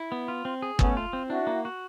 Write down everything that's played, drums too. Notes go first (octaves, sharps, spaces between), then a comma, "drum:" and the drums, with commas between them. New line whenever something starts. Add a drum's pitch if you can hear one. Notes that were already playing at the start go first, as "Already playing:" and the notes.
Already playing: E4
B3
F4
C4
G#4
A3 B3 C#4, drum: kick
F4
C4
D4 E4 F#4
A#3
F#4